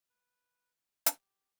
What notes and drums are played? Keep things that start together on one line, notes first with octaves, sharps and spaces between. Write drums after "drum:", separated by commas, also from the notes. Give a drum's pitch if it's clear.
B4
G4, drum: hi-hat